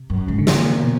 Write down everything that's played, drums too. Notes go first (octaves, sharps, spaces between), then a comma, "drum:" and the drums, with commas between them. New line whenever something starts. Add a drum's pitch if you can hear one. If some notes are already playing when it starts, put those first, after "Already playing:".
Already playing: C3
F#2
G#2 C#3
D3
A#2 E3, drum: snare
D3
C3
B2